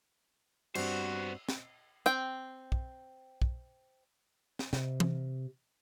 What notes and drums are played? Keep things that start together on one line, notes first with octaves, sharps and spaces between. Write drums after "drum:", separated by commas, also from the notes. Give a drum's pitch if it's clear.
G2 B3 C4 F#4 C5, drum: cymbal
drum: snare
C4 G5, drum: hi-hat
drum: kick
drum: kick
drum: snare
C3, drum: snare
drum: tom E3